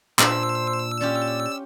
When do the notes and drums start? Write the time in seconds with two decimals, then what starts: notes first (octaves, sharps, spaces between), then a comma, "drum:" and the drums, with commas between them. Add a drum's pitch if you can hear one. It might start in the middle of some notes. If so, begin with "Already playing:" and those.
0.19 A#2 D4 C5 E6, drum: clap
1.01 C#4 F4 G4 D5